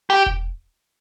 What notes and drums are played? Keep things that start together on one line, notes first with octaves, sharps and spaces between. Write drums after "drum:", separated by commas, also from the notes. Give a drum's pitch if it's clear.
G4
drum: kick E1